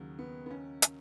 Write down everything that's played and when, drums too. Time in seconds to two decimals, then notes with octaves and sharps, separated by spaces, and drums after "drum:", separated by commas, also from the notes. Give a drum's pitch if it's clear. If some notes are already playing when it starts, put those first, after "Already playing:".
Already playing: D#2 C#3 F#3
0.19 B3
0.46 B3
0.50 C#4
0.82 drum: hi-hat